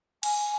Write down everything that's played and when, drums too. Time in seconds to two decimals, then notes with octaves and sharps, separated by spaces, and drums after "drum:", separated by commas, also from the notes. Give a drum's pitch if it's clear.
0.23 G#5, drum: cymbal